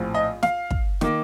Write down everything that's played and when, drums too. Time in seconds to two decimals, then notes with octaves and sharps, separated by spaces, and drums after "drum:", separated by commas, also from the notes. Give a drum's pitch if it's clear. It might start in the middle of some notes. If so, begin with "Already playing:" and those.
Already playing: A#1 A2 C4
0.15 D#5
0.43 F5, drum: snare
0.71 drum: kick
1.01 D#3 A#3, drum: snare